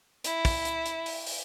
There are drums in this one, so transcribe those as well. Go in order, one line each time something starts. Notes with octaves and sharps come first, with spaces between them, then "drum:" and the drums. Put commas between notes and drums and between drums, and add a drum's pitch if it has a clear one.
E4, drum: hi-hat
drum: kick, open hi-hat
drum: hi-hat
drum: hi-hat
drum: open hi-hat
drum: open hi-hat